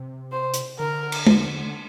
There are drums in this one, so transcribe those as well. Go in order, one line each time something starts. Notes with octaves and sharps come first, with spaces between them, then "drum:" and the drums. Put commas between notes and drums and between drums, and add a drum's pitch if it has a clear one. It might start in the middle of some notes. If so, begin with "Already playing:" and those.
Already playing: C3
C5
drum: hi-hat
D3 A#4
drum: cymbal
drum: tom G#3
D3